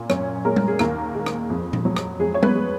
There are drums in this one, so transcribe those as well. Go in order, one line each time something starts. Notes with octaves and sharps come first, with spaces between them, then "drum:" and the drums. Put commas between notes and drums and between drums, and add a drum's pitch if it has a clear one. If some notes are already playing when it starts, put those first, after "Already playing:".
Already playing: A#2
F#2 C#4 C#5, drum: rim click
G#3 A#3 A#4
drum: tom G3
G#4
D#2 A#3 A#4, drum: rim click
G#3
drum: rim click
F2
drum: tom A#2
F#3
drum: rim click
F2 G#3 G#4
C#5
B3 B4, drum: tom G3
G#3